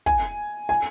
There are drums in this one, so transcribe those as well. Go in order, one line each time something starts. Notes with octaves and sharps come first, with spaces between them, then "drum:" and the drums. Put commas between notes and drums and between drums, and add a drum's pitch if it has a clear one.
G#5, drum: kick
G#5